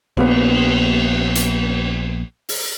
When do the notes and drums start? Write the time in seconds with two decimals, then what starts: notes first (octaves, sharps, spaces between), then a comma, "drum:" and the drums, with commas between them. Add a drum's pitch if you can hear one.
0.17 A#1 A#3 B3, drum: cymbal
1.35 drum: hi-hat
2.49 drum: open hi-hat